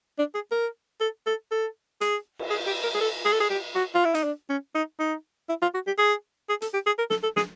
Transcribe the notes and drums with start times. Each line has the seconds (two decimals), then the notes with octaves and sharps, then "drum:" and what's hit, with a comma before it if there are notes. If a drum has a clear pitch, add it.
0.19 D4
0.34 G#4
0.52 A#4
1.00 A4
1.26 A4
1.51 A4
2.01 G#4, drum: hi-hat
2.39 drum: cymbal
2.50 G#4
2.67 G4
2.83 A#4
2.94 G#4
3.01 A4
3.25 G#4
3.32 A4
3.40 G#4
3.50 G4
3.75 F#4
3.95 F4
4.05 E4
4.14 D#4, drum: hi-hat
4.24 D4
4.49 C#4
4.75 D#4
4.99 D#4
5.49 E4
5.62 F4
5.74 F#4
5.87 G4
5.98 G#4
6.49 G#4
6.62 A4, drum: hi-hat
6.73 G4
6.86 G#4
6.98 A#4
7.10 A4, drum: snare
7.23 A4
7.36 G#4, drum: snare